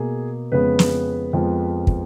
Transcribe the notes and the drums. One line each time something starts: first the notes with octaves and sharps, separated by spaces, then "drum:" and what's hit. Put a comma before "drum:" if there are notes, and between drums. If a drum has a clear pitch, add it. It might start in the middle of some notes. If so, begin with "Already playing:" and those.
Already playing: B2 A#3 G#4
F2 C#3 G#3 B3 B4
drum: snare
F2 F3 G#3 B3
drum: kick